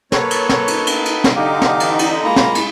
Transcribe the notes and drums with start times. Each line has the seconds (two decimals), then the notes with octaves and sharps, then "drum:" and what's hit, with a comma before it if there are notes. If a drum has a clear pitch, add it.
0.12 A#3 A4 B4 C#5, drum: snare
0.31 drum: cymbal
0.49 drum: snare
0.68 D#4, drum: cymbal
0.87 drum: cymbal
1.05 drum: cymbal
1.24 drum: snare
1.36 D3 D#4 G4 F5 D6
1.62 drum: snare
1.80 E3, drum: cymbal
1.99 drum: cymbal
2.24 G#3 A#3 F4 A#5 B5
2.36 drum: snare
2.55 drum: cymbal